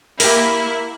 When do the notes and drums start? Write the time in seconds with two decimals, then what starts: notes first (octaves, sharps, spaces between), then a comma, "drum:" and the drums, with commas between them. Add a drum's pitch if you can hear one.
0.20 A#3 E4 G4 A#4, drum: open hi-hat